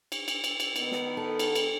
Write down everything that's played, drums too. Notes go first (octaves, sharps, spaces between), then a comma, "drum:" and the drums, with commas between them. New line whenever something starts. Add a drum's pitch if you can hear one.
drum: cymbal
drum: cymbal
drum: cymbal
drum: cymbal
D#3 B3, drum: cymbal
drum: snare
A4
drum: cymbal
drum: cymbal